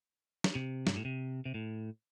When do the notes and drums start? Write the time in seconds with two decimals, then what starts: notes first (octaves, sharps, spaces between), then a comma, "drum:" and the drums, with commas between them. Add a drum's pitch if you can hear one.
0.44 drum: snare
0.55 C3
0.87 G2, drum: snare
0.96 A2
1.05 C3
1.45 C3
1.54 A2